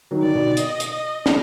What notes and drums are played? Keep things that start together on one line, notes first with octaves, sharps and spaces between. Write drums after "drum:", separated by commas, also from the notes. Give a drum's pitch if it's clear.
D#3 F#3
D5
B2 D#3
D#5, drum: hi-hat
drum: hi-hat
D#5
drum: snare